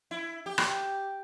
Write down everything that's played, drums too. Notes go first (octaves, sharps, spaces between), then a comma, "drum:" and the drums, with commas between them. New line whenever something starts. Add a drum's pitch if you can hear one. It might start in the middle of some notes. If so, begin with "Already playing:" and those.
E4
G4
drum: rim click